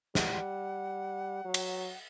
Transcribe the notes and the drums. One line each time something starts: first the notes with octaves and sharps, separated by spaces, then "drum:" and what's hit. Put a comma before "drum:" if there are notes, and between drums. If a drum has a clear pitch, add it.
G3 F#5, drum: snare
F#3
drum: cymbal